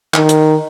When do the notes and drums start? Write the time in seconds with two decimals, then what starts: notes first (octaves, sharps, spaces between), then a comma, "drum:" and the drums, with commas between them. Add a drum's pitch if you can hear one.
0.14 D#3, drum: clap
0.29 drum: hi-hat